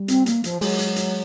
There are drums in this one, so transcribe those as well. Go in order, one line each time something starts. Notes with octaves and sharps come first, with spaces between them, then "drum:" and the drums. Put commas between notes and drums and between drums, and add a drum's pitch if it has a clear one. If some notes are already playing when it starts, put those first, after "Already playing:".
Already playing: G3
C4, drum: hi-hat
A#3, drum: hi-hat
F3, drum: hi-hat
F#3 G#3, drum: open hi-hat
drum: hi-hat
drum: hi-hat